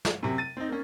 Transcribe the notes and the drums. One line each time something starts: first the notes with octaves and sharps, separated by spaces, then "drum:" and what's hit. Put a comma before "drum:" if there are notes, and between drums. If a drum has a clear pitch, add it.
drum: snare
F#2 C3
A6 D#7
C4 D#4
A#3 C#4